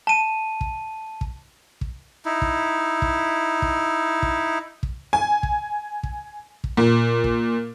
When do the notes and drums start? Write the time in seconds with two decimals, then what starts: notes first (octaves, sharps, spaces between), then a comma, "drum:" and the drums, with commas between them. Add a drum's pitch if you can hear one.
0.07 A5 D#7
0.61 drum: kick
1.21 drum: kick
1.81 drum: kick
2.25 D#4 E4
2.42 drum: kick
3.02 drum: kick
3.62 drum: kick
4.23 drum: kick
4.83 drum: kick
5.13 G#5
5.43 drum: kick
6.03 drum: kick
6.64 drum: kick
6.77 A#2
7.24 drum: kick